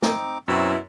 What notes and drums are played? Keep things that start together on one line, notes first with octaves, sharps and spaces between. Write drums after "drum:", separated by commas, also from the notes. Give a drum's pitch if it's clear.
C4 D#4 D6, drum: snare
F#2 B2 F#3 C4 E4 E6